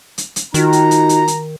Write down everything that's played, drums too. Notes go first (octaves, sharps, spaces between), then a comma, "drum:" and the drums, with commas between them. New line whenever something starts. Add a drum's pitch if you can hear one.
drum: hi-hat
drum: hi-hat
D#3 D#4 F4 F#4 A#5, drum: hi-hat
drum: hi-hat
drum: hi-hat
drum: hi-hat
drum: hi-hat